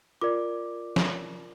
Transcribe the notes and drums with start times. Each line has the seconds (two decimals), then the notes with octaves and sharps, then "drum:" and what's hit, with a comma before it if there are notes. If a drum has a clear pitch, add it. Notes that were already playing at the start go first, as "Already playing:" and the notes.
0.21 F4 A#4 D5 D6
0.96 drum: snare